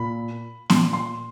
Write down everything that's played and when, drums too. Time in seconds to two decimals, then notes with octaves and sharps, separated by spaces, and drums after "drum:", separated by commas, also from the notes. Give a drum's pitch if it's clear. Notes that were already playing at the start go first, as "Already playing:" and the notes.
Already playing: A#2 B5
0.70 A#2 C6, drum: snare B3
0.93 C6